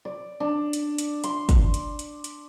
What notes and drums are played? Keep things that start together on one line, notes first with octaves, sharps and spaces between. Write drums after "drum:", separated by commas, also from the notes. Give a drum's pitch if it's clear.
D5
D4
drum: hi-hat
drum: hi-hat
C6, drum: hi-hat
drum: kick, hi-hat
drum: hi-hat
drum: hi-hat
drum: hi-hat